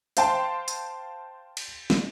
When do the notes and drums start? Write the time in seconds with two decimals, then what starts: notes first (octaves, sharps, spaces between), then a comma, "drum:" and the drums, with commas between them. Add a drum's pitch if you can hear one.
0.17 C5 F5 G5 A5 C6, drum: hi-hat
0.68 drum: hi-hat
1.57 drum: cymbal
1.90 drum: snare